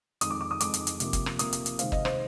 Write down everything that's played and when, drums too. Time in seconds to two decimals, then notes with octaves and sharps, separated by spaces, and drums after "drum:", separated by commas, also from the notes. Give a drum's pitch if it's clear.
0.21 F2 D#3 G#3 D#6, drum: hi-hat
0.31 D6
0.41 D6
0.51 D#6
0.60 F2 D#3 G#3 D6, drum: hi-hat
0.74 drum: hi-hat
0.87 drum: hi-hat
1.00 C3 F3 A#3, drum: hi-hat
1.13 drum: kick, hi-hat
1.26 drum: rim click
1.39 C3 F3 A#3 D#6, drum: hi-hat
1.53 drum: hi-hat
1.66 drum: hi-hat
1.79 C3 D#3 G#3 C4 F5, drum: hi-hat
1.92 D#5, drum: kick
2.05 C5, drum: rim click